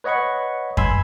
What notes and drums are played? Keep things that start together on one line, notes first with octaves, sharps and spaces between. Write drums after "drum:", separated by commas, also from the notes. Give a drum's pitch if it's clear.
B4 C#5 D#5 F#5 B5 C#6
G#5 B5 C6 E6 G#6, drum: kick F2